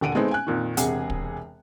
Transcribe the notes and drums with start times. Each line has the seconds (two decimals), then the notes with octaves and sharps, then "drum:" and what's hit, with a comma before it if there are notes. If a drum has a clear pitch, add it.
0.01 D#1 D3 F#5 D7 D#7
0.15 G#3 A3 B3 C4 D#4
0.31 G#5 F#6
0.47 F2 A#2 D#3
0.77 E1 C3 G#4 F#5, drum: hi-hat
1.10 drum: kick